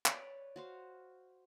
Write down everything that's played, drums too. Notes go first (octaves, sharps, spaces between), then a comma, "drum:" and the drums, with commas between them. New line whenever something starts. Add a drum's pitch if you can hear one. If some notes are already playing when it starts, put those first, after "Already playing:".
B4 C#5 D5, drum: clap
F#4 C5 F5